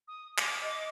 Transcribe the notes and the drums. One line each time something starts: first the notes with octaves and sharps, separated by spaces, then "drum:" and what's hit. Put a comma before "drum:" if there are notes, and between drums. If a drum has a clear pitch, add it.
D#6
D6, drum: clap
D#5